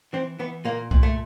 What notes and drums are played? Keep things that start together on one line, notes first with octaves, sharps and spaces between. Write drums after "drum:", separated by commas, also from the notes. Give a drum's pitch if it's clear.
E3 C4
E3 B3
A#2 A#3
A#2, drum: kick C2
A3